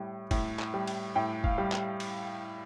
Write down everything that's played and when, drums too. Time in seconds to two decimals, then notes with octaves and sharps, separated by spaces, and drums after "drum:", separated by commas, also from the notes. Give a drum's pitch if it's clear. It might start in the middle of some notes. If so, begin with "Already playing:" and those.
Already playing: A2 G3
0.31 A2, drum: kick, cymbal
0.59 drum: clap
0.74 G3
0.87 drum: cymbal
1.16 A2 G5
1.44 F5, drum: kick
1.58 G3
1.72 drum: clap
2.00 drum: cymbal